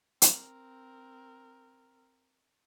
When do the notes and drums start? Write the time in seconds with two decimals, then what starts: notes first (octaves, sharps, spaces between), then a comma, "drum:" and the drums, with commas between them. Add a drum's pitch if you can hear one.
0.22 C4 A#4, drum: hi-hat